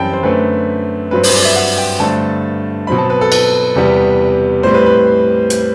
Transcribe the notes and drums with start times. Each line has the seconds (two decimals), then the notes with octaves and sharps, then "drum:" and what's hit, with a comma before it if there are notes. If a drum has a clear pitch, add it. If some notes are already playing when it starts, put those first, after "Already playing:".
Already playing: F#2 E3 G3 C4 G5 A5 B5
0.13 C5
0.23 F#2 D3 A3 C4 B4
1.11 G2 F#3 C4 B4
1.23 C5, drum: open hi-hat
1.34 D5
1.45 E5
1.56 F#5
1.78 G5
2.00 G2 D3 A3 C4 A5
2.87 B2 F#3 C4 B5
2.98 A5
3.10 B4
3.21 A4
3.32 B4, drum: cymbal
3.75 E2 C3 G3 B3
4.63 A2 G3 C4 C5
4.74 B4
4.86 B4
5.50 drum: hi-hat